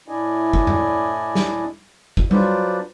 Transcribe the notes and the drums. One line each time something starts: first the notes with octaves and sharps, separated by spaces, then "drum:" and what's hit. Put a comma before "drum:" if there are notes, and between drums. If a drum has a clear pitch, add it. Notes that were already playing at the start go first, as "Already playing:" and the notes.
A2 D4 E4 D5 D#5 G#5
drum: kick
drum: tom
drum: snare
drum: kick
F#3 D4 F4 B4 C5 D5, drum: tom G3